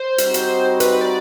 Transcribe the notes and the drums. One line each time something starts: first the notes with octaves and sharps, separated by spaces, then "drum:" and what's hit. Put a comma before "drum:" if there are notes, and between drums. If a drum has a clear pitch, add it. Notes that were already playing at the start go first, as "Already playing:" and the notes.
Already playing: C5
G3 C4 D#4 F#4, drum: hi-hat
drum: hi-hat
B4, drum: hi-hat
D5